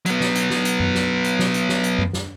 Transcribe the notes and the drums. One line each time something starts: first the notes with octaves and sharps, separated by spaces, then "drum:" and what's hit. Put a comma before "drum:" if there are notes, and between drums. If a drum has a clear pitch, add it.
F#3 B3, drum: hi-hat
drum: snare
drum: hi-hat
drum: snare
drum: hi-hat
drum: tom F#2
drum: snare
drum: hi-hat
drum: snare
drum: hi-hat
drum: snare
drum: hi-hat
drum: tom F#2
drum: snare